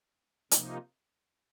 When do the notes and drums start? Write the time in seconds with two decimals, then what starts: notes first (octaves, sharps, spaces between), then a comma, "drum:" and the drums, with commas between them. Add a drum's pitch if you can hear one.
0.51 C3 F3 A#3 D#4, drum: hi-hat